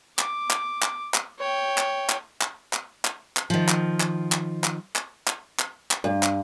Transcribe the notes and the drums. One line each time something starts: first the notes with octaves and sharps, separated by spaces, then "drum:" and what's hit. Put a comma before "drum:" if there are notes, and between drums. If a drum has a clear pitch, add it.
D6, drum: clap
drum: clap
drum: clap
drum: clap
C#5 G5
drum: clap
drum: clap
drum: clap
drum: clap
drum: clap
drum: clap
D#3 F3
drum: clap
drum: clap
drum: clap
drum: clap
drum: clap
drum: clap
drum: clap
drum: clap
G2
drum: clap